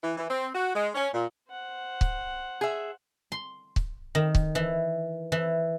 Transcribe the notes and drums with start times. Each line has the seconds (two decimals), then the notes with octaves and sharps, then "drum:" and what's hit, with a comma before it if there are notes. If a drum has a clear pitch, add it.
0.03 E3
0.17 E3
0.29 C4
0.54 F#4
0.74 G#3
0.95 C#4
1.13 A#2
1.50 C5 F#5
2.01 drum: kick C#1
2.61 G#4 E5
3.32 C6
3.76 drum: kick C#1
4.15 D#3
4.35 drum: kick C#1
4.55 E3
5.32 E3